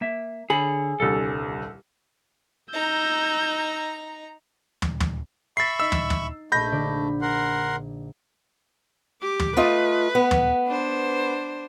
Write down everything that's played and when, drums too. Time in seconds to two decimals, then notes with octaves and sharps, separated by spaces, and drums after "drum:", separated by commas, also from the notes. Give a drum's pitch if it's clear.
0.01 A#3 E5
0.50 D3 G#4 C#5 B5
1.00 D#1 C2 D3 A4
2.73 D#4 A#5 E6 G6
4.82 drum: tom
5.00 drum: tom
5.57 E5 B5 C#6 A6 C7
5.80 D#4 D#5 E6
5.92 drum: tom
6.10 drum: tom
6.52 A#1 A3 D#5 B5 G6 A#6
6.72 D3 D5
7.21 A#4 F#5 C6
9.22 G4 D6
9.39 drum: tom
9.57 A3 F4 B4 D#5
10.15 B3
10.31 drum: tom
10.68 D4 C5